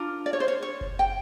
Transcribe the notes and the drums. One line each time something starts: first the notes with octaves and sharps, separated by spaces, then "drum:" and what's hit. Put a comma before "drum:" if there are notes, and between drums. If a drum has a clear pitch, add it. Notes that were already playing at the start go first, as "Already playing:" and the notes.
Already playing: D4 F4 A#4
D5
C#5
C5
C#5
C#5
drum: kick F#1
G5